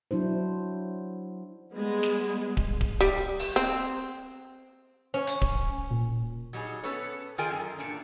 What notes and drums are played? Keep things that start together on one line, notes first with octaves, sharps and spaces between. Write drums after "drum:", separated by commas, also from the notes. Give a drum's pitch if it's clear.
F#3 D4 E4 C5
G3 G#3 B3
drum: snare
drum: kick D1
drum: kick D1
G3
drum: open hi-hat
C4
C#4
drum: hi-hat
drum: kick D1
A#2
F#3 G3 D#4 G#4
B3 C#4 A4 B4 C#5
D#3 F4 G#4 A#4 G5 G#5
F#2
E2 A#2 D4